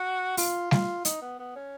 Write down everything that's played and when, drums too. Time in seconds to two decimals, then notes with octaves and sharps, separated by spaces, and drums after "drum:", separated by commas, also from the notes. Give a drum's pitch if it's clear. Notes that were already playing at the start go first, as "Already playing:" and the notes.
Already playing: F#4
0.37 F4, drum: open hi-hat
0.71 F4, drum: snare G3
1.05 D#4, drum: hi-hat
1.22 B3
1.39 B3
1.56 C#4